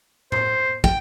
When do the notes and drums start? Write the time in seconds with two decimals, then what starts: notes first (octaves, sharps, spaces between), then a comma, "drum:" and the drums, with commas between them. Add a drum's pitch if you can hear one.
0.32 C5, drum: tom A2
0.84 G5, drum: kick